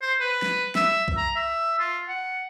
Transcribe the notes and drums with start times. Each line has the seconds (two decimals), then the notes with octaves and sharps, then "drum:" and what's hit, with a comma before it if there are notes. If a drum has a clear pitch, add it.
0.02 C5
0.20 B4
0.42 drum: snare
0.75 E5, drum: snare
1.08 drum: kick B1
1.17 A#5
1.36 E5
1.79 F4
2.09 F#5